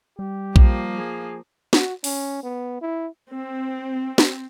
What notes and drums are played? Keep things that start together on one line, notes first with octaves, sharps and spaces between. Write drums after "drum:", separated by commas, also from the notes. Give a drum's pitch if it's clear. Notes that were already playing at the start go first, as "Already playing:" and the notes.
G3 G4
F3 A#3, drum: kick A#1
G#4
F#4, drum: snare
C#4, drum: open hi-hat
B3
E4
C4
drum: snare